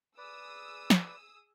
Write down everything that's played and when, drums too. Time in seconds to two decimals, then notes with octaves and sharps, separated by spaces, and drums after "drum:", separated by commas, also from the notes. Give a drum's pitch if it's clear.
0.18 G#4 B4 D5 D#6 E6
0.90 drum: snare